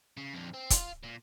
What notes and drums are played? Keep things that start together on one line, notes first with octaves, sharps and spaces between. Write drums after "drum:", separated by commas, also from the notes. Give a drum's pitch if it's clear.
C#3
F2 D3
C4
F4, drum: kick, hi-hat
A#2